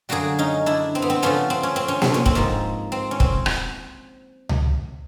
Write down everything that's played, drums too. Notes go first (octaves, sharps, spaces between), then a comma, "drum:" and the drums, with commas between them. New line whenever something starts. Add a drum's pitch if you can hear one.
F#2 D3 G3 A#3 F#4 G#4
C#4 D#4
D4 E4
C4
B3
C4
C#3 F3 A3 B3 C#4
C4
C#4
C4
C#4
C4, drum: snare A#3
C#4
C4, drum: kick
G#2 F3 A#3
C4
C#4
C4, drum: kick
drum: rim click
drum: tom C#2